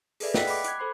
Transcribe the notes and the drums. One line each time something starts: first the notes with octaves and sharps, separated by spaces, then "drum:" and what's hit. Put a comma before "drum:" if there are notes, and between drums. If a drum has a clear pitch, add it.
G#4 A4 B4 D5 E5, drum: open hi-hat
D#5 F#5 G5 E6 F#6 B6, drum: snare
B5 D6, drum: open hi-hat
D6 F#6 G#6, drum: hi-hat
A4 C5 B5 C7